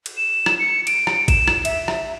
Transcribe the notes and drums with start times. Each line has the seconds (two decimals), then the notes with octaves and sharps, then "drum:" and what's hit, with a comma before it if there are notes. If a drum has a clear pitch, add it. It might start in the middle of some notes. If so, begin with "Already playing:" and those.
0.06 drum: cymbal
0.17 E7
0.46 drum: rim click
0.60 C#7
0.87 D7, drum: cymbal
1.07 drum: rim click
1.28 E7, drum: kick G#1, cymbal
1.48 drum: rim click
1.65 E5, drum: cymbal
1.88 drum: rim click